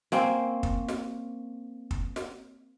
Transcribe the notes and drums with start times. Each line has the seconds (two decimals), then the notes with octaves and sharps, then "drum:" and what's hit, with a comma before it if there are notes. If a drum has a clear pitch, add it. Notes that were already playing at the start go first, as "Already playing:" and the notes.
0.12 A#3 C4 C#4, drum: snare
0.63 drum: kick
0.89 drum: snare
1.91 drum: kick
2.16 drum: snare